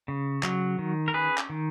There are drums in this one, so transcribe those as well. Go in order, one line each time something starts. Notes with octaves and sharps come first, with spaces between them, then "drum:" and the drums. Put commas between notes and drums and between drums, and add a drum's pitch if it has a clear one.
C#3
F#3, drum: clap
D#3
A#4
C#4 G#4 B4
drum: clap
D#3